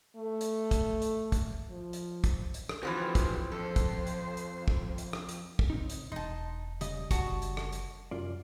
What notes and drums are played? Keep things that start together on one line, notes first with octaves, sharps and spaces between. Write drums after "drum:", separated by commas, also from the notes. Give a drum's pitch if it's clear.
A3
drum: hi-hat
drum: kick, hi-hat
drum: hi-hat
drum: kick, hi-hat
F3
drum: hi-hat
drum: kick, hi-hat
drum: hi-hat
drum: rim click
E3 F3 C4 F#4 G#4 B4
drum: kick, hi-hat
F2 A4 C5
drum: kick, hi-hat
drum: hi-hat
drum: hi-hat
drum: kick
drum: hi-hat
drum: rim click
drum: hi-hat
drum: kick
C#3 C4 D#4
drum: hi-hat
E1 D#4 A5 C6
C#3 G3 D#5, drum: hi-hat
F#1 F#4 A5, drum: kick, hi-hat
drum: hi-hat
drum: rim click
drum: hi-hat
C2 F#2 F4 D5